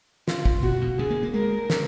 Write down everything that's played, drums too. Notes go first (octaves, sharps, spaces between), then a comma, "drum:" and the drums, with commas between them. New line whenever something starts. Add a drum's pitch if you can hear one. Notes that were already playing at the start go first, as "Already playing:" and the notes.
F4, drum: snare
drum: kick
B2 F#4
B2
D3 G#4
A#3
A#3
G#3 A#4
drum: snare